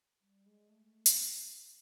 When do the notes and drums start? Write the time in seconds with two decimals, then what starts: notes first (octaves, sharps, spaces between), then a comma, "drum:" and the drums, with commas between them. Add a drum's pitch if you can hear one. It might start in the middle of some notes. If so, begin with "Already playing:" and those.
0.21 G3
0.46 G#3
0.70 A3
1.06 drum: hi-hat